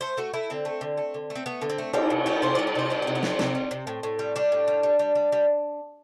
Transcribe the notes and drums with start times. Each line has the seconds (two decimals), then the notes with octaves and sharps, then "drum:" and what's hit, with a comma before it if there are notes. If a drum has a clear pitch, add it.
0.01 A3 C5
0.17 A3 F#4
0.34 A3 E4
0.50 D3 C4
0.65 A3
0.81 D3
0.97 A3
1.14 D3
1.30 A3
1.35 C4
1.46 A3 B3
1.61 D3
1.70 C4
1.78 A3
1.93 G3 C4, drum: cymbal
2.10 C3
2.26 G3 F#4
2.42 C3 C5
2.55 D5
2.59 G3
2.67 D5
2.75 C3 C5
2.90 G3 D4
3.02 C4
3.07 C3
3.15 B3
3.23 G3 C4, drum: snare
3.39 C3, drum: snare
3.55 G3
3.71 C3
3.87 A2
4.03 A2
4.19 G3
4.36 G3 D4
4.52 A2
4.68 G3
4.83 G3
4.99 G3
5.15 G3
5.32 G3